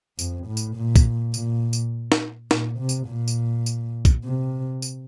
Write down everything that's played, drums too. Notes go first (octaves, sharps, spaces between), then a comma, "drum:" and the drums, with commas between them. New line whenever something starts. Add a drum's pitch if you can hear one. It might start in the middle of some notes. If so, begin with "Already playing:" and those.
F2, drum: tambourine
A2
drum: tambourine
A#2
drum: kick, tambourine
A#2, drum: tambourine
drum: tambourine
drum: snare D#4
A#2, drum: snare D#4
C3
drum: tambourine
A#2
drum: tambourine
drum: tambourine
drum: kick, tambourine
C3
drum: tambourine